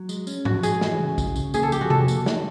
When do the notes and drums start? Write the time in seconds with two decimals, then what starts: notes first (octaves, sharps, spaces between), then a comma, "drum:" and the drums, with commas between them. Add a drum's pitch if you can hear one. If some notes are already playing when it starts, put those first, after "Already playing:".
Already playing: F#3
0.09 G#3, drum: tambourine
0.27 C#4, drum: tambourine
0.45 F3 F#4, drum: tom G#2
0.63 G#3 G#4, drum: tambourine
0.81 E3, drum: snare
1.00 C#3
1.18 C#3, drum: kick, tambourine
1.36 C#3, drum: tambourine
1.54 A#3 G#4, drum: tambourine
1.63 A4
1.72 F3 G4, drum: tambourine
1.81 F#4
1.90 F2 A4, drum: tom C3
2.08 A#3, drum: tambourine
2.26 D#3, drum: snare